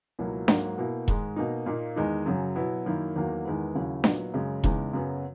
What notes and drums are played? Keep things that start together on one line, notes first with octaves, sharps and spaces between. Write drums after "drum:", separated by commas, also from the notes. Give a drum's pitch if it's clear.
C#2 B2 F#3 A#3 E4
G#2 F#3 A#3, drum: snare D4
B2 A#3 E4
G#2 D#3 G#3, drum: kick E1
B2 A#3 D#4
A#2 A#3 D#4
E2 D#3 G#3 D#4
F#2 C#3 F#3
B2 F#3 B3 E4
F#2 D#3 A#3 E4
E2 D#3 F#3 A#3
E2 D#3 G#3 B3 E4
D#2 C#3 F#3 C#4 E4
A#2 F#3 B3 D#4, drum: snare D4
F#2 C#3 G#3
E2 C#3 G#3 D#4, drum: kick E1
F#2 C#3 F#3 B3